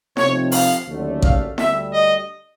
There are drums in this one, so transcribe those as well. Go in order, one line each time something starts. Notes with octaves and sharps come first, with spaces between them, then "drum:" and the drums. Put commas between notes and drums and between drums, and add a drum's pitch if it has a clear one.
C3 F3 A3 C4 D#4 C#5, drum: snare E4
F5, drum: open hi-hat
D#2 D3 F#3 A3 C#4
F5, drum: kick A1
D2 D3 G3 E5, drum: snare E4
D#5